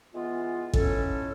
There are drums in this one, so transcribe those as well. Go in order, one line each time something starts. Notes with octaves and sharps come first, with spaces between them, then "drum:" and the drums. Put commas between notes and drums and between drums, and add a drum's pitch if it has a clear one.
E3 G#3 B3 F4
A2 C#4 A4, drum: kick A1